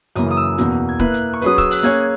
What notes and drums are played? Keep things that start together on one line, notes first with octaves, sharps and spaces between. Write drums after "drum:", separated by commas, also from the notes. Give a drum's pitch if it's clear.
F#2 C#3 E3 A#3 D#6, drum: hi-hat
D#6
E6
E2 B2 A#3, drum: hi-hat
G#6
A#3 E4 B4 F#6, drum: kick
drum: hi-hat
C#6
F#3 C#4 G#4 B4 D#6, drum: hi-hat
E6, drum: kick, hi-hat
F#6, drum: open hi-hat
A#3 C#4 G#4 C#5 G#6, drum: hi-hat